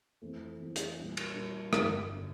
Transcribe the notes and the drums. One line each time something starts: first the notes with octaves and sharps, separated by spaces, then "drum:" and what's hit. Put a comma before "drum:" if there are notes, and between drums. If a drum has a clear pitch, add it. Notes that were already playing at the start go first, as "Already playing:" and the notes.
F2 E3 A3 C4
F2 E3 A3 C4
drum: hi-hat
A#2 G3 D4 F4
drum: cymbal
A#2 G3 D4 F4
G1 F2 D3, drum: rim click
D3